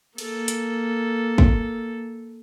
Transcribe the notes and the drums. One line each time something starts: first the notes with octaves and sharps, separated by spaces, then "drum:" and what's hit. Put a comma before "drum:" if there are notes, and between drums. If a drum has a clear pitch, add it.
A#3 A4, drum: cymbal
drum: hi-hat
drum: kick